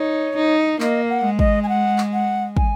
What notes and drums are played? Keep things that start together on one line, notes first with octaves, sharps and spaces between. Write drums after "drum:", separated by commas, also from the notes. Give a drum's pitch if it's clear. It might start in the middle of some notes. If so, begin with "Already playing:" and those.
Already playing: D#4 C#5
D#4
A#3 D#5, drum: clap
F#5
G#3
D#5, drum: kick
G#5
F#5
drum: clap
F#5
G#5, drum: kick